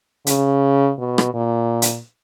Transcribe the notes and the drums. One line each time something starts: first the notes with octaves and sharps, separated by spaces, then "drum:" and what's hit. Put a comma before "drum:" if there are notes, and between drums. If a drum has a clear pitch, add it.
C#3, drum: hi-hat
B2
drum: rim click
A#2
drum: hi-hat